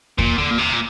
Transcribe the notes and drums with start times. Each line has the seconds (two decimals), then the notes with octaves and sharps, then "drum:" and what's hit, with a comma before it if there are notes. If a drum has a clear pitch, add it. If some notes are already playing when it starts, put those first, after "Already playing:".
0.19 A#2, drum: kick E2
0.38 D3
0.51 A#2
0.59 C3
0.73 A#2